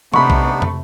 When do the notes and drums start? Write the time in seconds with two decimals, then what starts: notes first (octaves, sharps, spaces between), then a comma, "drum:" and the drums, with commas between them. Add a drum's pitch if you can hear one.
0.14 C3 A3 B3 D4 D#4 B5 C#6, drum: tom
0.30 drum: kick B1
0.62 drum: tom